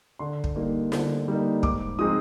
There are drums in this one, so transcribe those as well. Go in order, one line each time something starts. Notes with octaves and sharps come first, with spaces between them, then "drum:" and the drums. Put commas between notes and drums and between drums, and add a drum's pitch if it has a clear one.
D3 C6
drum: kick
G3 A#3 D#4
D3, drum: snare
G3 A#3 D#4
G#2 D6, drum: kick
F3 G#3 C4 D#4 D#6